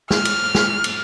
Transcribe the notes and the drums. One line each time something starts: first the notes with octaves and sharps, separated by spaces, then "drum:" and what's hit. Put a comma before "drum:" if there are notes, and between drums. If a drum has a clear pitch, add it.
F6, drum: snare
drum: cymbal
drum: snare
drum: cymbal